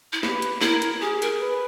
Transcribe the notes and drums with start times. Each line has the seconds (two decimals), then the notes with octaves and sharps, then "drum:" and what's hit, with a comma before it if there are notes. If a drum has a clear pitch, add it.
0.13 E4
0.23 G4 B4, drum: snare
0.42 drum: hi-hat
0.61 E4 A#4, drum: snare
0.82 drum: hi-hat
1.01 G4 G#4
1.22 A#4, drum: hi-hat
1.41 B4